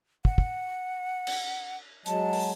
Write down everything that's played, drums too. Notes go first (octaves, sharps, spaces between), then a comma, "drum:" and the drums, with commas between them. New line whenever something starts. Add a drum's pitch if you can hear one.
F#5, drum: kick
drum: kick
drum: cymbal
F#3 G#3 A5, drum: hi-hat
drum: open hi-hat